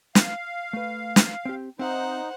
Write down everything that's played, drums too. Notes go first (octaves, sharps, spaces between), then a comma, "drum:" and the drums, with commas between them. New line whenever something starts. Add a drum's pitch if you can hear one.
F5, drum: snare
A3 B4
drum: snare
C4 G4
C4 D#4 C5 E5 F#5